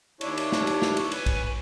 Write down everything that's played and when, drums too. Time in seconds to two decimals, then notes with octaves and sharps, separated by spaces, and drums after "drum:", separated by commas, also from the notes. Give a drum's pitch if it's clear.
0.21 D#2 D4 E4 C#5, drum: cymbal
0.38 drum: cymbal
0.52 drum: snare
0.67 drum: cymbal
0.82 drum: snare
0.97 drum: cymbal
1.12 B4 C#5 G#5, drum: cymbal
1.26 drum: kick B1, cymbal